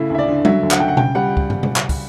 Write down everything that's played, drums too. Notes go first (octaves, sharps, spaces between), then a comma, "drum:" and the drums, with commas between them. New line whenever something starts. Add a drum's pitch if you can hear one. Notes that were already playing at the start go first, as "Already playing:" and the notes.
Already playing: C#3 A3 E4
D2 E5
D5
D3
F#3 E5, drum: tom G3
D2
F#5, drum: clap
C#3 G5
F#5
C#3 G5, drum: tom B2
G3 F#5
drum: kick
drum: tom
drum: tom B2
drum: clap
drum: kick, open hi-hat